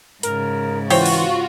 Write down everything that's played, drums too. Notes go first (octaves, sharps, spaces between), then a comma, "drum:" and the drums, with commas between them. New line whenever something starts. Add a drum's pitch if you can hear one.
G#2 C#3 A#4, drum: hi-hat
E3 F4 F#4 C5 C#5 G5, drum: open hi-hat
drum: open hi-hat